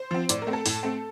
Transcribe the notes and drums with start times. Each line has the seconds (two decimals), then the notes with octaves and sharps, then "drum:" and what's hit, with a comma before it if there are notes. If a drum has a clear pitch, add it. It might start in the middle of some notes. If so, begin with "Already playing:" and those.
Already playing: C5
0.11 F3 C4
0.29 A2 D5, drum: hi-hat
0.42 A#4
0.47 A3 C4
0.53 A4
0.66 A2, drum: open hi-hat
0.83 A3 C4